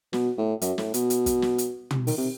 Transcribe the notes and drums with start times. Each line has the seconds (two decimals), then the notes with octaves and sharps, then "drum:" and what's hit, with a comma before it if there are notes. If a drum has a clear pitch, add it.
0.13 B2, drum: snare
0.37 A2
0.62 F#2, drum: hi-hat
0.78 A2, drum: snare
0.94 B2, drum: hi-hat
1.10 drum: hi-hat
1.26 drum: kick, hi-hat
1.42 drum: snare
1.58 drum: hi-hat
1.91 drum: tom
2.07 D#3, drum: open hi-hat
2.17 C3